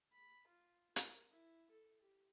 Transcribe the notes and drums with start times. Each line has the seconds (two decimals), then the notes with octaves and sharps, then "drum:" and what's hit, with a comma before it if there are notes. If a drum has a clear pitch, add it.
0.12 B5
0.47 F4
0.96 A#4, drum: hi-hat
1.29 E4
1.70 A4
2.01 G4